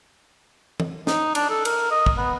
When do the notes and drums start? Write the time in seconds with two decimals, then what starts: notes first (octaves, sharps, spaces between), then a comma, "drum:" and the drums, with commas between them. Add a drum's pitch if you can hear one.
0.80 drum: tom
1.07 D#4, drum: snare
1.35 D4, drum: cymbal
1.49 A4
1.65 A#4, drum: cymbal
1.91 D#5
2.06 drum: kick
2.17 B3